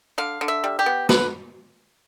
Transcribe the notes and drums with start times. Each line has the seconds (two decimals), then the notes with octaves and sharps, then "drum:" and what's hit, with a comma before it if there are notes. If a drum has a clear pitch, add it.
0.18 D3 F5
0.41 D3
0.48 E5
0.64 G3
0.79 G4
0.86 B3
1.09 D3 B4, drum: snare